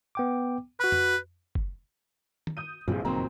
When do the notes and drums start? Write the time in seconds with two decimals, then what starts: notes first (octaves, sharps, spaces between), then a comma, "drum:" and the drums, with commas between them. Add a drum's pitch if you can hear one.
0.15 B3 G5 D6
0.80 F#4 B4 B5
0.92 drum: tom F2
1.55 drum: kick
2.47 drum: tom D#3
2.57 D#6 G6 D#7
2.88 A#1 E2 G2 C3 F3 G#4
3.05 F#1 F2 A#2 D#3 F#3 C4 A#5 C6